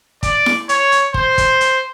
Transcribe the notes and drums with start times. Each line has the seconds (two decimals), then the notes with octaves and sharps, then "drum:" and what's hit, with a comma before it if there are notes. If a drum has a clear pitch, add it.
0.23 D5, drum: kick, hi-hat
0.46 drum: snare E4
0.69 C#5, drum: hi-hat
0.92 drum: hi-hat
1.14 C5, drum: kick
1.38 drum: kick, hi-hat
1.61 drum: hi-hat